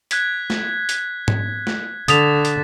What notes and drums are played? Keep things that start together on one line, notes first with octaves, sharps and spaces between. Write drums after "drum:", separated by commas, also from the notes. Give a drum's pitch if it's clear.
F#6 G#6 B6, drum: hi-hat
drum: snare
drum: hi-hat
drum: tom G#2
drum: snare
D3 D#6 A6 B6 E7 F7, drum: hi-hat
drum: hi-hat